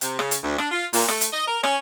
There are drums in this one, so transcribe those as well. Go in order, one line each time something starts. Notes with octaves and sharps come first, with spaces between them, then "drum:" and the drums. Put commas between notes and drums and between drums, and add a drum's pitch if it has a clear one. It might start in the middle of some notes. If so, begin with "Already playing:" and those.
C3, drum: hi-hat
C#3, drum: rim click
drum: hi-hat
D2
D4, drum: rim click
F4
A#2, drum: open hi-hat
A3, drum: rim click
drum: hi-hat
D#5
A#4
C#4, drum: rim click